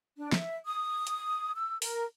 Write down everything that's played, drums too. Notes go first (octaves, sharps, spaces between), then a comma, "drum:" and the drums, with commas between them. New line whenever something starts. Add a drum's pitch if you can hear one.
D4
E5, drum: snare
D#6
drum: hi-hat
E6
A#4, drum: open hi-hat